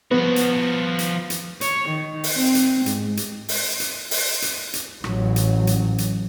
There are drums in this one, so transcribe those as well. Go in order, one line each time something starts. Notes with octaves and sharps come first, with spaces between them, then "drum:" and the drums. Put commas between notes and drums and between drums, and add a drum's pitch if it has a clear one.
F3 B3 F#4
drum: hi-hat
drum: hi-hat
drum: hi-hat
C#5, drum: hi-hat
D#3
drum: open hi-hat
C4
drum: hi-hat
G#2, drum: hi-hat
drum: hi-hat
drum: open hi-hat
drum: hi-hat
drum: open hi-hat
drum: hi-hat
drum: hi-hat
A1 F#3, drum: rim click
drum: hi-hat
drum: hi-hat
drum: hi-hat